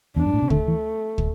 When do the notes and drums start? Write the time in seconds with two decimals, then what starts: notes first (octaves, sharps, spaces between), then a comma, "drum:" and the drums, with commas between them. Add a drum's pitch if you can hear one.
0.16 E2 D4
0.26 G2
0.34 A2
0.42 C3
0.50 D3 A3, drum: kick
0.68 E3
1.18 drum: kick